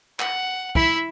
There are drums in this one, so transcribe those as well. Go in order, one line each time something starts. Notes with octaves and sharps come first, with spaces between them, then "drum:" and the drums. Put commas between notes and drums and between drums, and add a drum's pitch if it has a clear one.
F#5, drum: clap
E4 E5, drum: kick